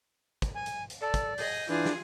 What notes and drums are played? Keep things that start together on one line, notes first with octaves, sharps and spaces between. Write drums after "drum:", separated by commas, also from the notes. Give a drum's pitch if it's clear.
drum: kick, hi-hat
G#5
drum: hi-hat
drum: hi-hat
A4 D5
drum: kick, hi-hat
G#4 D#5 G6, drum: open hi-hat
E3 D4 F4 G#4
drum: snare